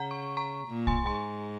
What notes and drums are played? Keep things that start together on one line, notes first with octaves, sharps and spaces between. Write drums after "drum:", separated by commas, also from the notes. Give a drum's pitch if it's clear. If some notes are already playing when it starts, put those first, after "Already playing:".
Already playing: C#3 F#5 A#5
C#6
A#5 C#6
A#2
G#5 C6, drum: kick
G#2 G#5 C6